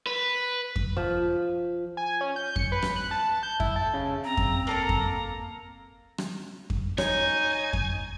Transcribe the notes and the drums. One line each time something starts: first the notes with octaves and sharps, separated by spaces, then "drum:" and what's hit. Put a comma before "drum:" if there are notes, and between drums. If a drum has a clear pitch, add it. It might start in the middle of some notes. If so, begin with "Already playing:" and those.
B4
drum: kick F2
F3
G#5
C#4
G6
C#7, drum: kick F2
B4
drum: rim click
F#6
A5
G6
E4, drum: kick F2
A4
C#3
C4 A#5
drum: kick F2
A#3 A4 A#4 A#5
drum: kick F2
drum: rim click
drum: kick F2
D#4 C#5 G#5, drum: rim click
drum: kick F2